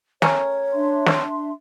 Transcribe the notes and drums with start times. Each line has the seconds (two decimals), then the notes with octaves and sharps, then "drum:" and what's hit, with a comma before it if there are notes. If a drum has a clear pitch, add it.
0.22 A3 C#4 A#4 C#5, drum: snare
0.73 D4 E5 C6
1.06 drum: snare